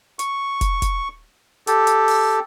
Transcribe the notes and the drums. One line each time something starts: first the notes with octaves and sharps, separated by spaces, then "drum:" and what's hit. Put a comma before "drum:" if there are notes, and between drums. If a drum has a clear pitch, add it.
C#6, drum: hi-hat
drum: kick, hi-hat
drum: kick, hi-hat
G4 A4, drum: hi-hat
drum: hi-hat
drum: open hi-hat